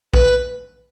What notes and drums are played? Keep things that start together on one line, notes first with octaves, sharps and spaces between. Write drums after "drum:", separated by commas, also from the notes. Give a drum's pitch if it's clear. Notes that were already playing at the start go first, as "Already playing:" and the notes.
B4, drum: kick A#1